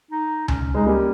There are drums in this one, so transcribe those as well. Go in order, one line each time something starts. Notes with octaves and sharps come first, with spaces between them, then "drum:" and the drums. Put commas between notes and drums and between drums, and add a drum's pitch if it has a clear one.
D#4
C#4, drum: tom C#2
G#3 D#4
G3 A#3 C#4